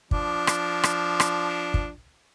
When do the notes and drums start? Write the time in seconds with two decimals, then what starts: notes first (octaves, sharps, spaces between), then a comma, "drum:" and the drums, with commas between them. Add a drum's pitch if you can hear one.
0.11 F3 D4, drum: kick
0.47 drum: rim click
0.83 drum: rim click
1.20 drum: rim click
1.74 drum: kick